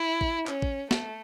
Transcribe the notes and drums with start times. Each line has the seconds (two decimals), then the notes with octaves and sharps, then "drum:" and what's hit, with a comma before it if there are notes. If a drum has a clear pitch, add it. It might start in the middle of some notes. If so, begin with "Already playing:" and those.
Already playing: E4
0.21 drum: kick
0.47 C#4, drum: clap
0.62 drum: kick
0.91 A3, drum: snare